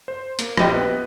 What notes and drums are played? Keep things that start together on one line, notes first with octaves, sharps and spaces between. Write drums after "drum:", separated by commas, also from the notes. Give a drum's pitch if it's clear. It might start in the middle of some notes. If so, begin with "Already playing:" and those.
C5
A#3, drum: hi-hat
A#1 F3 G4 D#5 G5, drum: rim click
B3 B4